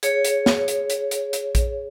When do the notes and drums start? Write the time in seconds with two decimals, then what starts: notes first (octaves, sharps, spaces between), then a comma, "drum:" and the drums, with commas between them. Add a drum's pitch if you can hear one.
0.03 G#4 C#5, drum: hi-hat
0.25 drum: hi-hat
0.46 drum: snare
0.68 drum: hi-hat
0.90 drum: hi-hat
1.11 drum: hi-hat
1.33 drum: hi-hat
1.55 drum: kick A#1, hi-hat